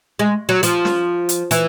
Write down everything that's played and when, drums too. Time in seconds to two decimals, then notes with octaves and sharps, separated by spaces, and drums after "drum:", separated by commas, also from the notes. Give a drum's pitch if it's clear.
0.19 G#3
0.49 F#3
0.63 F3, drum: hi-hat
0.85 drum: snare
1.29 drum: hi-hat
1.51 E3, drum: hi-hat